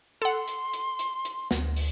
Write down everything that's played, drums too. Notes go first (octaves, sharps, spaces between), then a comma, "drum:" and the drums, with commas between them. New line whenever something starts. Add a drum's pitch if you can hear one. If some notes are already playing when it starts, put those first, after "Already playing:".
A4 F#5 C6
drum: hi-hat
drum: hi-hat
drum: hi-hat
drum: hi-hat
D2, drum: snare
drum: open hi-hat